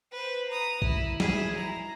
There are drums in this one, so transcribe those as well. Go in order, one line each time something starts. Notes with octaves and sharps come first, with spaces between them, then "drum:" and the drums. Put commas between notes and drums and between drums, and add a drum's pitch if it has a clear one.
B4 C5
A#5 D#6
E4, drum: kick
E4 G#4, drum: snare
A#5